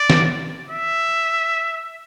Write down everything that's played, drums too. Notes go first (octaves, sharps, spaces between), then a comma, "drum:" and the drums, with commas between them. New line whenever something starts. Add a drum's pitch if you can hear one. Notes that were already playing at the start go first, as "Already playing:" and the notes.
Already playing: D5
drum: snare
E5